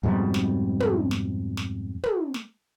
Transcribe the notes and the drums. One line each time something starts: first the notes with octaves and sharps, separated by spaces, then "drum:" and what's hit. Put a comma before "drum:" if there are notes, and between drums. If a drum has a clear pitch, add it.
F2 G#2 B2 G3
drum: snare
drum: tom
drum: snare
drum: snare
drum: tom
drum: snare